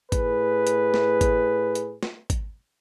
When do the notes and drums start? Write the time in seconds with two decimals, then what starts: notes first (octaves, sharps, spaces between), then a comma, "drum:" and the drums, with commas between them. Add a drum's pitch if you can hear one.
0.12 A2 G#4 B4, drum: kick G#1, hi-hat
0.67 drum: hi-hat
0.94 drum: snare
1.21 drum: kick G#1, hi-hat
1.75 drum: hi-hat
2.03 drum: snare
2.30 drum: kick G#1, hi-hat